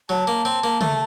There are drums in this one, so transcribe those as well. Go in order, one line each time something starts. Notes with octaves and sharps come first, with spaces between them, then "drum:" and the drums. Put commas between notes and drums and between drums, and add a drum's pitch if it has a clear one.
F#3 A5
A#3
C4
A#3
A3, drum: tom